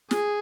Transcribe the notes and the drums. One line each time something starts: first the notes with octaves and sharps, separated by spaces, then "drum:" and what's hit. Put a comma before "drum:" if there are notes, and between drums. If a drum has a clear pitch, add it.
G#4, drum: snare